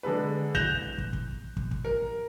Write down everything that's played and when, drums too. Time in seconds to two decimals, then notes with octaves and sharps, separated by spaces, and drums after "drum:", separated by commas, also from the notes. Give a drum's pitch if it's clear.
0.03 D3 G#3 A4 B4
0.55 F#6 G6 A#6 E7 F7 G7, drum: kick
0.98 drum: kick
1.13 drum: kick
1.57 drum: kick
1.71 drum: kick
1.85 A#4